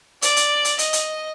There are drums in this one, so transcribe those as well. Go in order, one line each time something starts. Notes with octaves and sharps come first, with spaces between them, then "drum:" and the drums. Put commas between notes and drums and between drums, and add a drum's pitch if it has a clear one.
D5, drum: hi-hat
drum: hi-hat
drum: hi-hat
D#5, drum: hi-hat
drum: hi-hat